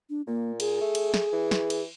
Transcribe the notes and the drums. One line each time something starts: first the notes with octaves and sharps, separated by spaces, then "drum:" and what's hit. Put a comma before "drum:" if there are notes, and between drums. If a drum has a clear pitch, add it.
D4
A#2 A#3
G#4, drum: cymbal
A3
drum: cymbal
drum: snare
E3
drum: snare
drum: cymbal